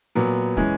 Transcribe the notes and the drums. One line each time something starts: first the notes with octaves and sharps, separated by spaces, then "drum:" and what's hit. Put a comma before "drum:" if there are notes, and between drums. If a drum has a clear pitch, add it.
A#2 F#3 B3
E3 G#3 C#4, drum: kick